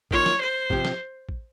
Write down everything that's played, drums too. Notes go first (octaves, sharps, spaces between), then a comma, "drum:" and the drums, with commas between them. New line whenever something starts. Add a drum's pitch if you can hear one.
D#3 A#3 F4 C#5, drum: kick A1
drum: snare
C5
C3 F3 C4 G4, drum: kick A1
drum: snare
drum: kick A1